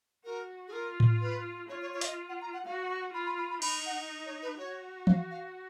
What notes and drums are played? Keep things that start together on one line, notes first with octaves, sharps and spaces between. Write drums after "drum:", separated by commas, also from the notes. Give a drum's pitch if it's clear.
F#4 A#4
G#4
F4 A#4
drum: tom A2
B4
F4 C#5
C#5
C#5
F5, drum: hi-hat
D#5
F#5
A#5
F#5
F#4 F5
C#6
F4 B5
B5
B5
B5
D#4 B5, drum: cymbal
F#5
C#5
B4
F#4 C#5
F5, drum: tom E3
F5